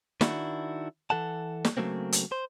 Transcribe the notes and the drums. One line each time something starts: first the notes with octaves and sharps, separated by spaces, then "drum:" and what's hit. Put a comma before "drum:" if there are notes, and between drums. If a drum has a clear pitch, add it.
D#3 D4 E4 F#4, drum: snare
E3 A4 F#5 A5
drum: snare
C#3 F#3 A3 A#3 C4
drum: hi-hat
C5